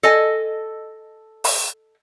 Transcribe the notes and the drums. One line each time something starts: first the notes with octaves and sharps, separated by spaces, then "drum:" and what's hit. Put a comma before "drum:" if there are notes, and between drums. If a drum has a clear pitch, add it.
A4 D#5 G#5
drum: open hi-hat